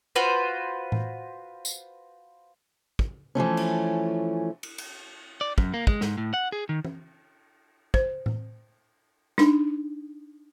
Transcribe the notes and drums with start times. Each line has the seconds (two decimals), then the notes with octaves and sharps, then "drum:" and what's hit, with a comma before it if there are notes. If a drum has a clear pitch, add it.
0.16 F4 F#4 B4 C5
0.92 drum: tom A2
1.65 drum: tambourine
2.99 drum: kick
3.35 E3 F3 A3 C#4
3.57 drum: cymbal
4.63 drum: cymbal
4.78 drum: cymbal
5.41 D5
5.58 F#2, drum: kick
5.74 A#3
5.87 G#3, drum: kick
6.01 G#2, drum: snare
6.18 A2
6.34 F#5
6.52 G#4
6.69 D#3
6.85 drum: tom
7.94 C5, drum: kick
8.26 drum: tom A2
9.38 D4 D#4, drum: snare